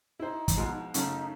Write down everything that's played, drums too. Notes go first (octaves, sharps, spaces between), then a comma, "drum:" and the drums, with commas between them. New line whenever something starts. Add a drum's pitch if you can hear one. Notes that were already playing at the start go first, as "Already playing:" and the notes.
D#4 E4 C5
drum: kick, hi-hat
B2 F3 G#3
F#2 C#3 A3 D#4, drum: hi-hat